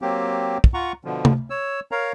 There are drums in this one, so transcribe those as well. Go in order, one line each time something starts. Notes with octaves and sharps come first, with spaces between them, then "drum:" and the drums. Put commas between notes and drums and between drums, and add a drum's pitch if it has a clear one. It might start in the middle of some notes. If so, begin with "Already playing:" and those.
F#3 A#3 C4 G4
drum: kick
F4 F#5 A#5 C#6
B2 D3 F3
drum: tom C3
C#5 E6
A#4 C#5 F5 A#5